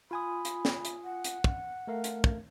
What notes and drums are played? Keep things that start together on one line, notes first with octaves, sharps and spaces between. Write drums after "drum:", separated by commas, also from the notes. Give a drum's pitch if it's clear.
F4 G#5 B5 D#6
drum: hi-hat
drum: snare
drum: hi-hat
F#5
drum: hi-hat
drum: kick
A3 A#4 F5
drum: hi-hat
drum: kick